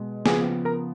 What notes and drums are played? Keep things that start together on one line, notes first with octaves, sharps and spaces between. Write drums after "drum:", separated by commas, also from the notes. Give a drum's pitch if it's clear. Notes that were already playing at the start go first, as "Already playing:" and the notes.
Already playing: B2 G#3
C#3 F3 B3 G#4 G#5, drum: snare
A#4 A#5